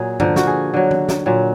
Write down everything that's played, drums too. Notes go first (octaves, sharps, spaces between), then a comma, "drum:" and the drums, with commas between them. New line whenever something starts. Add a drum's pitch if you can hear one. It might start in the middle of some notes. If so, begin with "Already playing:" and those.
Already playing: A#2 F#3 G#4
D3 F3 A#4, drum: tom G2
F#4, drum: snare
G#4
D3 F#3
drum: tom D#3
drum: snare
A#2 F#3